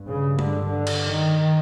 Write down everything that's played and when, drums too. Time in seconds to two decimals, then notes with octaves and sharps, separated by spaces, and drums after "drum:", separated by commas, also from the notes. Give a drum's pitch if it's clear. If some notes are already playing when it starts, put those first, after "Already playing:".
Already playing: G2
0.11 C#3
0.39 D3, drum: tom
0.67 D3
0.87 drum: cymbal
1.10 D#3